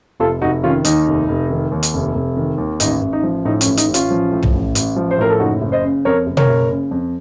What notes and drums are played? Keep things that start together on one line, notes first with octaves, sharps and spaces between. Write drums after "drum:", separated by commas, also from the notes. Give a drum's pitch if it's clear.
F1 F4 A4
F1 D#4 F#4
D#3 C#4 F4
D#2 D#4, drum: hi-hat
F1
F1
D#3
D#2
drum: hi-hat
F1
F1
D#3
D#2
A1 D#4, drum: hi-hat
A1
D#4
F3
A2 D#4
C#4, drum: hi-hat
A1
D#4, drum: hi-hat
A1
C#4 F4, drum: hi-hat
F3
A2
drum: tom
A1
A1, drum: hi-hat
F3
C5
A2 A#4
A4
F#1 D#4 F#4
F#1
C5 D#5
C#3
F2 A#4 C#5
F#1
A#4 C#5, drum: tom
F#1
C#3
F2